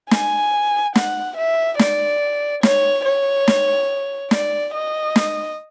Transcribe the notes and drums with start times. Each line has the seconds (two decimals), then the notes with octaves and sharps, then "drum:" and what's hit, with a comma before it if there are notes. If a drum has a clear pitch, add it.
0.11 G#5, drum: snare
0.96 F#5, drum: snare
1.37 E5
1.79 D5, drum: snare
2.63 C#5, drum: snare
3.05 C#5
3.48 drum: snare
4.31 D5, drum: snare
4.74 D#5
5.16 drum: snare